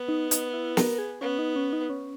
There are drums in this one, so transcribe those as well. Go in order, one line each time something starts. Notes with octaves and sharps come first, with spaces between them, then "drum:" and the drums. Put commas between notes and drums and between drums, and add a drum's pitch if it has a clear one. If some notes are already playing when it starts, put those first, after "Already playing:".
Already playing: B3
D#4
D#4, drum: hi-hat
E4
A#4, drum: snare
G#4
B3 C#4
D#4
C#4
D#4
C#4